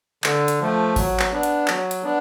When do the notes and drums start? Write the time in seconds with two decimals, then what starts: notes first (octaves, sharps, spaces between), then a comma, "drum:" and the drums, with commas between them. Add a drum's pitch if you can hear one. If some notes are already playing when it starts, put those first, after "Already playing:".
0.24 D3, drum: clap
0.48 drum: hi-hat
0.61 F3 A3
0.96 F#3, drum: kick G#1, open hi-hat
1.20 drum: clap
1.32 B3 D4
1.43 drum: hi-hat
1.68 F#3, drum: clap
1.91 drum: hi-hat
2.03 B3 D4